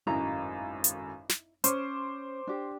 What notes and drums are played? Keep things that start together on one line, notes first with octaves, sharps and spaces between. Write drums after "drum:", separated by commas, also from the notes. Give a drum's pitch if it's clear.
G#1 F#2 A2 E4 D#5 A#5
drum: hi-hat
drum: snare
C#4 C5 D6, drum: hi-hat
D4 G4